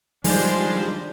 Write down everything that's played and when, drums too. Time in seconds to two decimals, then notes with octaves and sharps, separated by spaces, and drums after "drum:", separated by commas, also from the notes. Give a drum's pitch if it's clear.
0.24 D#3 F3 G3 G#3 D4 C5, drum: open hi-hat